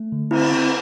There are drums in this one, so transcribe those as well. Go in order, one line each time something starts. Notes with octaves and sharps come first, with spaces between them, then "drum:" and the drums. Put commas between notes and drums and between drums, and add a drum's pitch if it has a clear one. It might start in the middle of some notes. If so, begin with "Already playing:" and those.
Already playing: A3
D3
C4 E4, drum: cymbal
C4